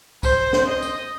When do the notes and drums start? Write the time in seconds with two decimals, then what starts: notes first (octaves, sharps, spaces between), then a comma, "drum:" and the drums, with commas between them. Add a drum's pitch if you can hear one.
0.23 C5, drum: kick, tambourine
0.53 drum: snare
0.67 D#5
0.82 drum: tambourine